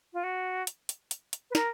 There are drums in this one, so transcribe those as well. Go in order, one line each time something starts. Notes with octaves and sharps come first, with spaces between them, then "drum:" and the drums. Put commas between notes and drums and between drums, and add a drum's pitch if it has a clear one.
F4
F#4
drum: hi-hat
drum: hi-hat
drum: hi-hat
drum: hi-hat
B4
A#4, drum: snare